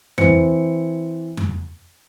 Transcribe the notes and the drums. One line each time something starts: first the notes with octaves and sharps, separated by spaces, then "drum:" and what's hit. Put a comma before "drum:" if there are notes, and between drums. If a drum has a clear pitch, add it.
E3 C4 C#7, drum: tom F2
drum: tom F2